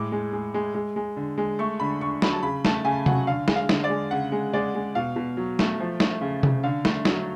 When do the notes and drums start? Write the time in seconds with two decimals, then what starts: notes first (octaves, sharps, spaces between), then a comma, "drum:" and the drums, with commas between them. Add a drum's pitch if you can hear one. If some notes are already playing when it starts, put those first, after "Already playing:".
Already playing: A2 G#3 D6
0.12 G#3
0.33 G#3
0.54 G#3
0.74 G#3
0.96 G#3
1.17 D3
1.38 G#3
1.59 A3 C#6
1.80 D3 B5
2.01 D3 C#6
2.22 F#3 B5, drum: snare
2.33 A5
2.43 C#3 B5
2.65 A3 A5, drum: snare
2.85 C#3 G#5
3.06 F#3 F#5, drum: tom C3
3.27 D3 F5
3.48 G#3, drum: snare
3.56 F5
3.69 D3, drum: snare
3.84 D5
3.90 G#3
4.11 C#3 F#5
4.32 G#3
4.53 G#3 D5
4.75 G#3
4.95 B2 F5
5.16 B2
5.37 F#3
5.59 A3, drum: snare
5.80 F3
6.00 A3, drum: snare
6.21 C#3
6.43 C#3, drum: tom C3
6.63 D3 F5
6.85 A3, drum: snare
7.05 F#3, drum: snare